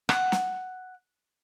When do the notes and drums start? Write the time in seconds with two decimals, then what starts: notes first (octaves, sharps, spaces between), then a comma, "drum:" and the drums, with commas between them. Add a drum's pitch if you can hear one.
0.09 F#5, drum: rim click
0.32 drum: snare